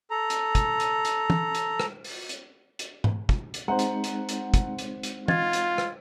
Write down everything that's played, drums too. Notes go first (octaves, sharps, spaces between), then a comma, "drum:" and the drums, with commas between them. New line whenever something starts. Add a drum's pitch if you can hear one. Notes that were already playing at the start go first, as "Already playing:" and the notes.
A4 A#5
drum: hi-hat
drum: kick, hi-hat
drum: hi-hat
drum: hi-hat
drum: tom
drum: hi-hat
drum: rim click
drum: open hi-hat
drum: hi-hat
drum: hi-hat
drum: tom G#2
drum: kick
drum: hi-hat
G#3 C4 D#4 C5 F#5 A#5
drum: hi-hat
drum: hi-hat
drum: hi-hat
drum: kick, hi-hat
drum: hi-hat
drum: hi-hat
F4 D#5 G#6 A6, drum: tom
drum: hi-hat
drum: rim click